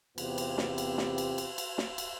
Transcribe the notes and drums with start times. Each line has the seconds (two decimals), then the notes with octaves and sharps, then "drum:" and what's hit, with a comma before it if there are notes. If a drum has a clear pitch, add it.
0.18 E2 C3 B3 C4 F4 G4, drum: cymbal
0.38 drum: cymbal
0.58 drum: snare
0.78 drum: cymbal
0.98 drum: snare
1.18 drum: cymbal
1.38 drum: cymbal
1.58 drum: cymbal
1.78 drum: snare
1.98 drum: cymbal